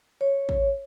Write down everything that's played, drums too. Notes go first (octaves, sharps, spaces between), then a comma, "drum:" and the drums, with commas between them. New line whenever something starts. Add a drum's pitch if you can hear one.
C#5
drum: kick